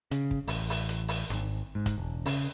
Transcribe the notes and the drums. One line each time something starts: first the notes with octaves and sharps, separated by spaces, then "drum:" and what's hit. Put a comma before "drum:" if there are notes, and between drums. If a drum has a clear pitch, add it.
C#3, drum: hi-hat
drum: kick
A1, drum: open hi-hat
drum: open hi-hat
drum: hi-hat
drum: open hi-hat
G#1, drum: snare
G#2
drum: kick, hi-hat
E1
C#3, drum: open hi-hat